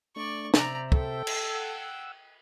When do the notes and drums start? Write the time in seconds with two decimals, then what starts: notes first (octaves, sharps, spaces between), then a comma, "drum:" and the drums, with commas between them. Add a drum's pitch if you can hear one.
0.16 A3 D4 D5 C#6
0.54 C3 C5 D5 E5 A#5, drum: snare
0.92 A4 G5, drum: kick
1.27 drum: cymbal
1.55 F#5 E6